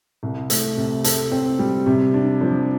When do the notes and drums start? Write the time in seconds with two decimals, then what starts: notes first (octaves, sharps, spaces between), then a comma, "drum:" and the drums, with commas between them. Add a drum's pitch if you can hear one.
0.23 C2
0.50 A3, drum: hi-hat
0.77 C3
1.04 A4, drum: hi-hat
1.32 C4
1.59 G3
1.86 C3
2.14 D4
2.41 F3